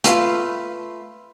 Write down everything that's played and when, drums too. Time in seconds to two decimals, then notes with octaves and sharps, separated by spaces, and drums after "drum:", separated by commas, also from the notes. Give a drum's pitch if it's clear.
0.04 A3 F4 B4 F5, drum: hi-hat